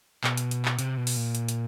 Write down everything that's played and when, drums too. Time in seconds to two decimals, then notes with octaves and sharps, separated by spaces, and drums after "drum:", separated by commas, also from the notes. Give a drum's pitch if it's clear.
0.24 B2, drum: clap
0.37 drum: hi-hat
0.51 drum: hi-hat
0.65 drum: clap
0.79 C3, drum: hi-hat
0.97 B2
1.07 drum: open hi-hat
1.16 A#2
1.35 drum: hi-hat
1.49 drum: hi-hat